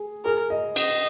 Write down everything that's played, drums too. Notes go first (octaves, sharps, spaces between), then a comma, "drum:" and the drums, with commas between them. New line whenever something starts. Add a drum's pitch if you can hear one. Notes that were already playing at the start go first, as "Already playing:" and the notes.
Already playing: G#4
G#4 A#4
D#5
D#5, drum: cymbal